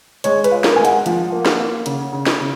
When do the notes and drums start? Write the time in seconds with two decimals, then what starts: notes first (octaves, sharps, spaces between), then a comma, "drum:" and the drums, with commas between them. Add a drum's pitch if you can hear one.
0.24 G#3 C#5, drum: hi-hat
0.44 B4, drum: hi-hat
0.52 F4
0.64 A#4, drum: snare
0.76 G#3 G#5
0.85 F#5, drum: hi-hat
1.06 F3, drum: hi-hat
1.32 A#3
1.46 drum: snare
1.59 A#3
1.86 C#3, drum: hi-hat
2.13 C#3
2.26 drum: snare
2.40 C#3